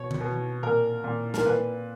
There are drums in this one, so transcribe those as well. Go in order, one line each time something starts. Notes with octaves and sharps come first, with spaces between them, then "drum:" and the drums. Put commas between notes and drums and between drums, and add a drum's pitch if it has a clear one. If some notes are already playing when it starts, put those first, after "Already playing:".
Already playing: B2 C#5
drum: tom D3
B2
A#2 A#4
A#2
A#4, drum: snare
A#2 B4